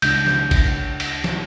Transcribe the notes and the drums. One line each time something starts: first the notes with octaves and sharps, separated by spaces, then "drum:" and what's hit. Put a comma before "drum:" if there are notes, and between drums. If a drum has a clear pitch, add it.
C#2 D4 G6, drum: cymbal
drum: snare
drum: kick, cymbal
drum: cymbal
drum: snare